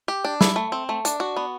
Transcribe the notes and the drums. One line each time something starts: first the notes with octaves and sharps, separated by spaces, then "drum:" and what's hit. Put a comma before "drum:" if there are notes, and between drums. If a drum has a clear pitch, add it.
G4
D4
E4, drum: snare
A3
C4
A3
D4, drum: hi-hat
F#4
B3